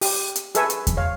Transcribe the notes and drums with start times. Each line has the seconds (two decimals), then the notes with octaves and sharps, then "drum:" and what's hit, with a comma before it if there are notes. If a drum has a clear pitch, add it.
0.01 G4, drum: open hi-hat
0.36 drum: hi-hat
0.55 G#4 A4 B4 E5 G#5 C#6, drum: hi-hat
0.70 drum: hi-hat
0.87 drum: kick E2, hi-hat
0.97 C#5 F5